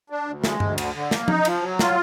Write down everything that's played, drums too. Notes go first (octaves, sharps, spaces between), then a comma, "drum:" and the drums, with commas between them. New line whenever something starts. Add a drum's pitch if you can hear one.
D4
D2
G#3, drum: snare
D2, drum: tom G2
D3, drum: cymbal
D3
A#3, drum: snare
D#4, drum: tom F3
F3, drum: cymbal
F#3
F4, drum: snare